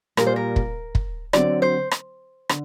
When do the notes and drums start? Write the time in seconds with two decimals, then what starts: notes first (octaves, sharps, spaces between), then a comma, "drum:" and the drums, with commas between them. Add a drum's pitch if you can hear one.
0.17 A#2 G3 A#3 A#4, drum: rim click
0.27 C5
0.36 A#4
0.56 drum: kick
0.95 drum: kick
1.33 D3 F#3 C4 D5, drum: rim click
1.62 C5
1.91 drum: rim click
2.49 D3, drum: rim click